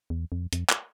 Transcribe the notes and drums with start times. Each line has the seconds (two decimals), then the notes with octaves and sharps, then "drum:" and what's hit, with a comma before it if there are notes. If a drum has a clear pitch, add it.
0.10 E2
0.32 F2
0.53 F2, drum: hi-hat
0.69 drum: clap